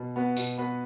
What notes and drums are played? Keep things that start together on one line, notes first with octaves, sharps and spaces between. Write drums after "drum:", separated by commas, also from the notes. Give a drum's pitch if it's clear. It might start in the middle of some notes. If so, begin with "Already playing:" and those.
Already playing: B2
B3 F#4 B4
B2, drum: tambourine
B3 F#4 B4